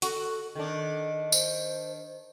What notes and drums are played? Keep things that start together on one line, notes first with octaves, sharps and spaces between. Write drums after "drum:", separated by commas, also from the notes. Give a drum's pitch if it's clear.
F#4 A4, drum: hi-hat
D#3 D4 A4
C5, drum: tambourine